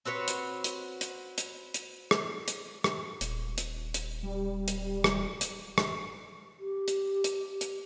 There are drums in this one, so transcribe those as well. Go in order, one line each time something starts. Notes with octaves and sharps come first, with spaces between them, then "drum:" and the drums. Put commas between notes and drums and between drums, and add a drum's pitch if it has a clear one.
C4 F#4 B4 C#5
drum: hi-hat
drum: hi-hat
drum: hi-hat
drum: hi-hat
drum: hi-hat
drum: rim click
drum: hi-hat
drum: rim click
D#1, drum: hi-hat
drum: hi-hat
drum: hi-hat
G3
drum: hi-hat
drum: rim click
drum: hi-hat
drum: rim click
G4
drum: hi-hat
drum: hi-hat
drum: hi-hat